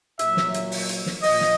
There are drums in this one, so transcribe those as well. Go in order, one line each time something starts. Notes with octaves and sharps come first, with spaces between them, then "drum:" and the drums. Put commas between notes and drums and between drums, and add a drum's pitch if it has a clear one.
A#2 F#3 E5, drum: hi-hat
drum: snare
drum: hi-hat
drum: open hi-hat
drum: hi-hat
drum: snare
A#2 F3 D#5, drum: open hi-hat
drum: snare